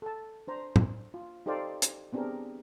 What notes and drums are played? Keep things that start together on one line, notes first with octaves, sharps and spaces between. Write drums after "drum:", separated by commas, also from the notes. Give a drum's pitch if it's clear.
A4 A5
D4 C5 A#5
drum: tom
F4
D#4 G4 A4 C5 D5 F5
drum: hi-hat
B3 C4 D4 G4 G#4 A#4